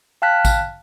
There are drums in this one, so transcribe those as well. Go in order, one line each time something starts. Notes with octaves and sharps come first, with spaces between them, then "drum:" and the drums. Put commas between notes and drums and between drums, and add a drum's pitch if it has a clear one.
F5 G5 A5 F6 F#6 B6
drum: kick A1, tambourine